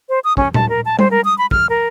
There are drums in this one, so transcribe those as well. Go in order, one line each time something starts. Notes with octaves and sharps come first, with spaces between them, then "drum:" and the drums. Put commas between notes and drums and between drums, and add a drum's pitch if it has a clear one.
C5
D#6
C#4, drum: kick
A5, drum: tom A#2
A#4
A5
C5, drum: tom G3
A#4
D#6
B5
F6, drum: kick
A#4